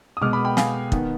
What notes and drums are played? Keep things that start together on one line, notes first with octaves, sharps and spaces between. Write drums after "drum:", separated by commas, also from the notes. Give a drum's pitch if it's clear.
D#6
B2 G#3 B3 D6 F6
B5 D6
G5 B5
F5 G#5, drum: snare
D#3 B3, drum: kick